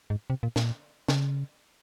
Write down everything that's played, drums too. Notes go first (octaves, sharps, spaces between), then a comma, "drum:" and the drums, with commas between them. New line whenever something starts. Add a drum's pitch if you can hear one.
G#2
C3
A#2
A#2, drum: snare
C#3, drum: snare